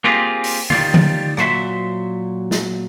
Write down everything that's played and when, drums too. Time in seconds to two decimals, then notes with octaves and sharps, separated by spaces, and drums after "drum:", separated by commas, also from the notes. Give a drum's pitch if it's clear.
0.04 A#3 C4 F4 G4 G#4
0.44 drum: open hi-hat
0.70 D#3 G3 F4, drum: tom D3
0.94 drum: tom D3
1.37 A#2 F#3 C5 E5, drum: rim click
2.51 drum: snare